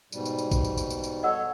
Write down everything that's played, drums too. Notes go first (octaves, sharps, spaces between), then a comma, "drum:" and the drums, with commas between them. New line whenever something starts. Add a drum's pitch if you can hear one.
G#2 B2 G3, drum: tambourine
drum: tambourine
drum: tambourine
drum: kick, tambourine
drum: tambourine
drum: tambourine
drum: tambourine
drum: tambourine
A4 C#5 D#5 F#5 E6